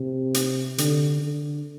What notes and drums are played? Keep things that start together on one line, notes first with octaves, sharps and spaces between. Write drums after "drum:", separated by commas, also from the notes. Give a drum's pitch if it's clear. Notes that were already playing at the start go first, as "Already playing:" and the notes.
Already playing: C3
drum: hi-hat
D3, drum: hi-hat
D3